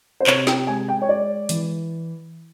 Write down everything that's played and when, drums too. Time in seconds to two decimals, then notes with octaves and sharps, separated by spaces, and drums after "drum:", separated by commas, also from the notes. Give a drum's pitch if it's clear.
0.20 C5
0.27 C3 C#5, drum: clap
0.47 G5, drum: snare
0.67 G#3 G#5
0.88 G5
1.02 C#5
1.09 G#3 D5
1.49 E3, drum: hi-hat